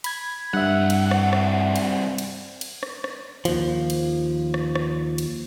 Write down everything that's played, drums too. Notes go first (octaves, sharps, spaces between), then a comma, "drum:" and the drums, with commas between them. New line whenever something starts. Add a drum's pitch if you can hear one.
B5 G#6, drum: cymbal
C2 G2 E5 F#5
drum: cymbal
drum: rim click
drum: rim click
drum: cymbal
drum: cymbal
drum: cymbal
drum: rim click
drum: rim click
D#2 F3, drum: cymbal
drum: cymbal
drum: rim click
drum: rim click
drum: cymbal